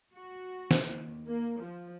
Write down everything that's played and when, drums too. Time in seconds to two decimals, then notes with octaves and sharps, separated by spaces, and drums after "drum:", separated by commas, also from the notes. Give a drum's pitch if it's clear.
0.15 F#4
0.71 drum: snare
0.83 D#2
1.28 A#3
1.63 F3